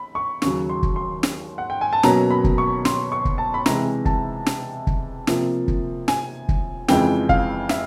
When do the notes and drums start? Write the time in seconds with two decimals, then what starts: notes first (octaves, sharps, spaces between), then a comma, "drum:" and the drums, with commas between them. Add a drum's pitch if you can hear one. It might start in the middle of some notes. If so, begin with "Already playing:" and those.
Already playing: B5
0.15 C#6
0.42 D#2 C#3 F#3 C#6, drum: snare
0.69 C6
0.83 drum: kick
0.96 C6
1.23 drum: snare
1.58 F#5
1.70 G5
1.81 G#5
1.93 A5
2.03 B2 F#3 A#3 C#4 A#5, drum: snare
2.30 B5
2.44 drum: kick
2.58 C#6
2.85 C6, drum: snare
3.12 C#6
3.25 drum: kick
3.38 A5
3.54 B5
3.66 C3 E3 G#3 A#5, drum: snare
4.05 A5, drum: kick
4.46 drum: snare
4.87 drum: kick
5.27 C3 F3 A#3, drum: snare
5.68 drum: kick
6.08 G#5, drum: snare
6.49 drum: kick
6.88 F2 C#3 E3 G#3 G5, drum: snare
7.29 F5, drum: kick
7.69 E5, drum: snare